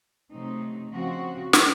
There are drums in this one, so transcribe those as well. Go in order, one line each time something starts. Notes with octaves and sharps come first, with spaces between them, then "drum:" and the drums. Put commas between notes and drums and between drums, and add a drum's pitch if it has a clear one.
C3 F#3 A3 C4 D#4
C#3 F3 C4 F#4
drum: snare